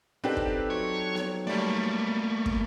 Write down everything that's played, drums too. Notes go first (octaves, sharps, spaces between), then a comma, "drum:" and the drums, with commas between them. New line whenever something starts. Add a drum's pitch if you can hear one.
C4 D4 D#4 G4 A4 B4
drum: kick
F#3 C#5
drum: snare B3
G3 A3 A#3 D5
drum: kick